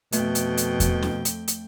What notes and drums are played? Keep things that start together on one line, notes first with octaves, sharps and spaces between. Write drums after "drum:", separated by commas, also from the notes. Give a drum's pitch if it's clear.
F2 B2 A3 G5, drum: hi-hat
drum: hi-hat
drum: hi-hat
drum: kick E2, hi-hat
drum: snare
drum: hi-hat
drum: hi-hat